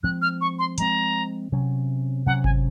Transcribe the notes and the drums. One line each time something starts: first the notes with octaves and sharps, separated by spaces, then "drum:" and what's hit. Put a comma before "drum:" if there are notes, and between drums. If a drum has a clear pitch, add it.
F3 G#3 C4 F#6
F6
C#6
C6
F3 G#3 C4 A#5, drum: hi-hat
C3 F#3 C#4
C3 F#3 C#4 F#5
G#5, drum: kick G1